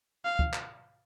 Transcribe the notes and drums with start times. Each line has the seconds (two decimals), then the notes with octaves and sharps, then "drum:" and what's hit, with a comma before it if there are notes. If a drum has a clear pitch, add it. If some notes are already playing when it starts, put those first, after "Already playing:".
0.25 F5
0.39 drum: kick
0.54 drum: clap